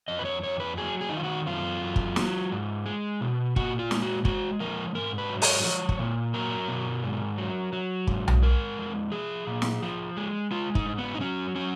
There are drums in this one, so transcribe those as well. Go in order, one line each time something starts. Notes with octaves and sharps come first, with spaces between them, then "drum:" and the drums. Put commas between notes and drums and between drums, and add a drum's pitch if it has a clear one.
F2 D#5
B4
C#5
F2 C#5
B4
F#3 G#4
G#4
D#4
D#3 F4
F#4
F#2 F4
F#2
drum: kick
F#3, drum: snare
G#2
G#3
B2
A#2 F#4, drum: kick
F4
G#3, drum: snare
F#4
G#3 F#4, drum: kick
F3 A#4
G#2 A#4
B4
F#3
C#5, drum: open hi-hat
F3 C#5
drum: kick
A#2
F#3 A#4
B2
G#2
F#3
F#3
G#2, drum: kick
drum: tom B1
G#3 A#4
F2
F3 G#4
A#2
drum: snare
F3
G#3
G#3 F4
D#4, drum: kick
G#2
B3
D#4
F#3 C#4
F#3 C#4